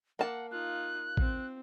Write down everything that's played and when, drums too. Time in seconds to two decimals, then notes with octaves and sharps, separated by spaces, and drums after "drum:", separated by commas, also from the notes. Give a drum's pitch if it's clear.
0.19 A#3 F#5 A5
0.51 D#4 F4 F#6
1.17 C4, drum: kick